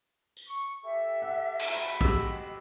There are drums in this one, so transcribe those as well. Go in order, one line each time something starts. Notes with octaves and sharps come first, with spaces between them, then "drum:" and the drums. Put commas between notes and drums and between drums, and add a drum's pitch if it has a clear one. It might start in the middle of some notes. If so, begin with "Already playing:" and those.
drum: tambourine
C#6
G4 A4 E5
F#5
drum: cymbal
G#3 F#4 B5
G4 D#5 E6, drum: kick A#1